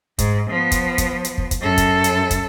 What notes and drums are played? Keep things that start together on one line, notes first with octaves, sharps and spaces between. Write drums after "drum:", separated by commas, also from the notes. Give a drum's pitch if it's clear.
G#2, drum: kick, hi-hat
F3 B3
drum: kick, hi-hat
drum: kick, hi-hat
drum: hi-hat
drum: kick
drum: kick, hi-hat
F#2 A4
drum: kick, hi-hat
drum: hi-hat
drum: kick, hi-hat